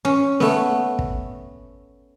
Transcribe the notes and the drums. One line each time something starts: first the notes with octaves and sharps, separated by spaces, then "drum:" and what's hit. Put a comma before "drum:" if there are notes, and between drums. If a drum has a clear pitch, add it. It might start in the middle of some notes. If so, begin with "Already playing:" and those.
C#4
A3 B3, drum: snare
drum: kick